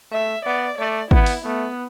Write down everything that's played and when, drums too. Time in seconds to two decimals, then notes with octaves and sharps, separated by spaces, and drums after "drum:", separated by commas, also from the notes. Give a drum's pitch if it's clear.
0.12 A3 E5
0.45 B3 D5
0.78 A3 D5
1.11 B3 E4, drum: kick
1.26 drum: open hi-hat
1.45 A3 B3